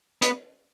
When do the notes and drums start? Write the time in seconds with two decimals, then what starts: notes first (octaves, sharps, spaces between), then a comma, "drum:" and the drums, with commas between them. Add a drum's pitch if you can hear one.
0.22 B3, drum: hi-hat